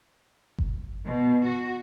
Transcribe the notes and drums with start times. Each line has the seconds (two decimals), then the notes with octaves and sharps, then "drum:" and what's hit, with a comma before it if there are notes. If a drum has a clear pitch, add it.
0.58 drum: kick G1
1.06 B2
1.45 F#4